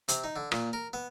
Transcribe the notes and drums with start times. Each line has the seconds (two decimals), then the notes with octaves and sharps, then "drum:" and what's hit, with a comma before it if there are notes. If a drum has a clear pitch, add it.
0.08 C3, drum: hi-hat
0.24 D#4
0.36 D3
0.52 A#2, drum: rim click
0.73 A#4
0.93 B3